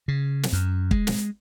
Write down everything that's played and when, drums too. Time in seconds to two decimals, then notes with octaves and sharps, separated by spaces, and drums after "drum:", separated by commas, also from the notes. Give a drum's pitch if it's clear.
0.08 C#3
0.43 drum: snare
0.53 F#2
0.91 G#3, drum: kick
1.07 drum: snare